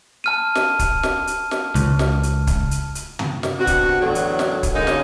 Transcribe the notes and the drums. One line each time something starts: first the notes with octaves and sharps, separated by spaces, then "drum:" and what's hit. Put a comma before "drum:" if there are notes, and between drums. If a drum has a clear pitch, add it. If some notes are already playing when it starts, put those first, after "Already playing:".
A5 F6 D#7
drum: snare
drum: kick, hi-hat
drum: snare
drum: hi-hat
drum: snare
C#2, drum: hi-hat
drum: snare
drum: hi-hat
drum: kick, hi-hat
drum: hi-hat
drum: hi-hat
drum: tom
drum: snare
C3 B3 D4 F#4
drum: kick, hi-hat
E2 A2 D3 F#3 B3 D4
drum: hi-hat
drum: snare
drum: kick, hi-hat
D3 G#3 A#3 C#4 D#4
drum: snare